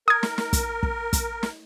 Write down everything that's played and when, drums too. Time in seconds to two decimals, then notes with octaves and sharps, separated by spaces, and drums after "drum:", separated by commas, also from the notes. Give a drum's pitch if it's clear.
0.08 A#4 D#6 G#6
0.23 drum: snare
0.38 drum: snare
0.53 drum: kick, hi-hat
0.83 drum: kick
1.13 drum: kick, hi-hat
1.43 drum: snare